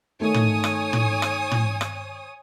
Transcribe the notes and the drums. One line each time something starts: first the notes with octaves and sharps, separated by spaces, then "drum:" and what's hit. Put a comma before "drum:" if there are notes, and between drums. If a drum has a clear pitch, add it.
D#3 A3 A4 C#5 G#5 D#6
drum: tom
drum: rim click
drum: tom
drum: rim click
drum: tom
drum: rim click